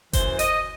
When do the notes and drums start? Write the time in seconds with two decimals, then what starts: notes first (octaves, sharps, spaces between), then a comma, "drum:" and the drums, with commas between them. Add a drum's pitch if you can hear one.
0.13 F#2 E3 C5, drum: kick F#1, hi-hat
0.39 D#5, drum: hi-hat